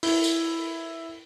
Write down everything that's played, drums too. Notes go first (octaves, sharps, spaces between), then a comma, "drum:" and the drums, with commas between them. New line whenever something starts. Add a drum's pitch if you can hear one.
E4, drum: open hi-hat
drum: tambourine